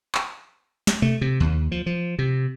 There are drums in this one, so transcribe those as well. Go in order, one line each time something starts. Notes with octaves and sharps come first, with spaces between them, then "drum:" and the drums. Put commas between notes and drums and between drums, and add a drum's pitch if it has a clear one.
drum: clap
drum: snare
A3, drum: tom B2
C3
D#2
F3
F3
C3